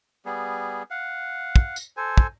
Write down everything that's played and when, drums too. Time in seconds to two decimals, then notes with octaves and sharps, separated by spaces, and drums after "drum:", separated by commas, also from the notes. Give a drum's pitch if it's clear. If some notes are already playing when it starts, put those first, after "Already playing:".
0.26 G3 B3 G#4
0.90 F5 F#5
1.56 drum: kick
1.76 drum: tambourine
1.97 A4 C5 G#5
2.18 drum: kick